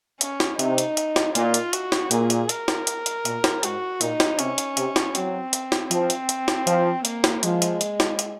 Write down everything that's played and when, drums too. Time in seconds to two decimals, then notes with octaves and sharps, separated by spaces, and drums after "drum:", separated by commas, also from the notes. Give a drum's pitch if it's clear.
0.21 C#4, drum: hi-hat
0.40 drum: snare
0.59 C3 D#4, drum: hi-hat
0.78 drum: hi-hat
0.97 drum: hi-hat
1.16 drum: snare
1.35 A#2 F4, drum: hi-hat
1.54 drum: hi-hat
1.73 F#4, drum: hi-hat
1.92 drum: snare
2.11 A#2 G#4, drum: hi-hat
2.30 drum: hi-hat
2.49 A#4, drum: hi-hat
2.68 drum: snare
2.87 drum: hi-hat
3.06 drum: hi-hat
3.25 A#2, drum: hi-hat
3.44 drum: snare
3.63 G#2 F#4, drum: hi-hat
4.01 A#2 D#4, drum: hi-hat
4.20 drum: snare
4.39 C3 C#4, drum: hi-hat
4.58 drum: hi-hat
4.77 C3, drum: hi-hat
4.96 drum: snare
5.15 F#3 C4, drum: hi-hat
5.53 drum: hi-hat
5.72 drum: snare
5.91 F3 C4, drum: hi-hat
6.10 drum: hi-hat
6.29 drum: hi-hat
6.48 drum: snare
6.67 F3, drum: hi-hat
7.05 A#3, drum: hi-hat
7.24 drum: snare
7.43 F3 G#3, drum: hi-hat
7.62 drum: hi-hat
7.81 drum: hi-hat
8.00 drum: snare
8.19 drum: hi-hat